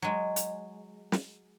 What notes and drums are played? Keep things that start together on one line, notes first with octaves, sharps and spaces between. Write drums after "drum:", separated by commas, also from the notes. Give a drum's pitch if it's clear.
F#3 G#3
drum: hi-hat
drum: snare